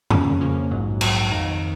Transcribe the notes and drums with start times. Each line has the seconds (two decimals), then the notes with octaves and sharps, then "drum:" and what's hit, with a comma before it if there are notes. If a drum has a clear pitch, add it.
0.10 F2 C#3 F3 A#3 C#4, drum: tom F#2
0.41 F2 C#3 F3 A#3 C#4
0.71 A#1 G#2 F#3
1.01 A#1 G#2 F#3, drum: cymbal
1.31 F2 D#3 A#3 D#4